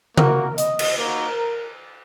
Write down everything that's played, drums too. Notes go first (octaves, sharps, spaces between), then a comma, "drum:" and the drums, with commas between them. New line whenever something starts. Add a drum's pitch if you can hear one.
A#3 F#4 A#4, drum: tom C#3
D#5, drum: hi-hat
drum: cymbal
A#3 D#4 F#4 A#4